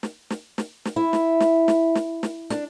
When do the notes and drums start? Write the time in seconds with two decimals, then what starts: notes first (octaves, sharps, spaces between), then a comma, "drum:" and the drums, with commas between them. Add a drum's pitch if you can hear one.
0.03 drum: snare
0.30 drum: snare
0.58 drum: snare
0.85 drum: snare
0.96 E4
1.13 drum: snare
1.40 drum: snare
1.68 drum: snare
1.95 drum: snare
2.23 drum: snare
2.50 D4, drum: snare